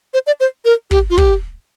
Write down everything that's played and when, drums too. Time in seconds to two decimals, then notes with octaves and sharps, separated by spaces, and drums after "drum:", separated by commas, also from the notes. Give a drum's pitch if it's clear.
0.14 C5
0.27 D5
0.40 C5
0.65 A#4
0.91 G4, drum: kick
1.10 F4
1.18 G4, drum: kick